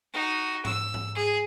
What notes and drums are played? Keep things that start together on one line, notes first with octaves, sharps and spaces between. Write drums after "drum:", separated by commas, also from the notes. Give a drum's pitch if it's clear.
D#4 F#4
E6, drum: tom G#2
drum: tom G#2
G#4